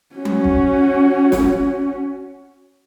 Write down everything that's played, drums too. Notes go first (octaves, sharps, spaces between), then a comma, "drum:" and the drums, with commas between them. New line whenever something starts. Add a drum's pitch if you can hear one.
C#4 F#4
drum: tom F#3
drum: kick
drum: snare